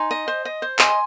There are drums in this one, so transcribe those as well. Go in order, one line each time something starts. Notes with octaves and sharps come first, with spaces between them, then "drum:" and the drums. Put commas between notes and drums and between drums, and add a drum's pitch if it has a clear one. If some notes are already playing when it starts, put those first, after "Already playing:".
Already playing: D#4 G#5 C6
D#5
C5
D#5
C5
D#5 G#5 C6, drum: clap